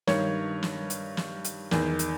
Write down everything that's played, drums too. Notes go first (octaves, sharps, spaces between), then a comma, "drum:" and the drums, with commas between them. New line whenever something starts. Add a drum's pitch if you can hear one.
G2 D#3 C#5, drum: snare
drum: snare
drum: hi-hat
drum: snare
drum: hi-hat
E2 D#3, drum: snare
drum: hi-hat